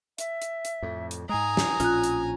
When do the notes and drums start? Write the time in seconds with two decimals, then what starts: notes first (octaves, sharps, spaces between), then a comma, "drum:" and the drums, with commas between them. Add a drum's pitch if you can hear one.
0.18 E5, drum: hi-hat
0.42 drum: hi-hat
0.65 drum: hi-hat
0.82 F2 A2
1.11 drum: hi-hat
1.29 G#2 G#3 G#5 A#5 D#6
1.57 drum: snare
1.80 A#1 A2 C#4 F4 F#6, drum: hi-hat
2.04 drum: hi-hat